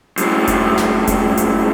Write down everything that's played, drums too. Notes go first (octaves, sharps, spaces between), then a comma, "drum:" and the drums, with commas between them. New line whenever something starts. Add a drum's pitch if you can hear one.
F#2 A2, drum: hi-hat
drum: kick F1, hi-hat
drum: snare
drum: kick F1, hi-hat
drum: hi-hat